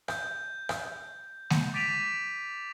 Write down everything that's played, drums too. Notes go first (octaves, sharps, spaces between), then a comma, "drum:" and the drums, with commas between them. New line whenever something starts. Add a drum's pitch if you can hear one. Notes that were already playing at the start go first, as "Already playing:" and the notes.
G6, drum: rim click
drum: rim click
drum: snare G#3
D6 A6 B6 D7 D#7 F7